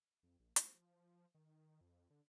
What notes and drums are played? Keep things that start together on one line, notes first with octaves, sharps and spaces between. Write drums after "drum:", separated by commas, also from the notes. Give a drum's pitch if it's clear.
F2
A#1
C4, drum: hi-hat
F3
D#3
F2
D3